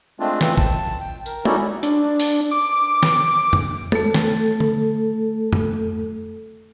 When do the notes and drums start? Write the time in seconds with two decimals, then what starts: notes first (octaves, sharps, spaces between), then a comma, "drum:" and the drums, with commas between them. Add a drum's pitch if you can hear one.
0.20 G#3 A3 C4 D4 F4
0.41 E3 A3 C4 F4, drum: snare
0.58 A5, drum: kick
1.00 G5
1.26 A#4, drum: tambourine
1.45 C#4 D#4 E4 F#4 A4 D5, drum: tom
1.83 D4, drum: hi-hat
2.20 drum: open hi-hat
2.51 D6
3.03 drum: snare
3.53 drum: tom F2
3.92 A3 A4, drum: tom
4.14 drum: snare
4.60 drum: tom D3
5.53 drum: tom F2